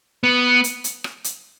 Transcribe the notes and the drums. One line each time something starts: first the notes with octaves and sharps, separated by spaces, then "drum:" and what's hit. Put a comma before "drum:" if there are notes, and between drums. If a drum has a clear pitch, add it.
B3
drum: hi-hat
drum: hi-hat
drum: rim click
drum: hi-hat